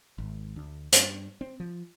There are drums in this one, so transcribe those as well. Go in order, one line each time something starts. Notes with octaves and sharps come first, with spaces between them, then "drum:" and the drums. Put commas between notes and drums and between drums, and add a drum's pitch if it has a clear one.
G#1
D2
G2, drum: hi-hat
C4
F3